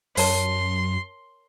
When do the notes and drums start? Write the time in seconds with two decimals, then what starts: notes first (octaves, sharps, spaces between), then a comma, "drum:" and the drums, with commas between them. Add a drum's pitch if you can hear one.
0.17 F#2 A#4 C#5 A5 C6, drum: open hi-hat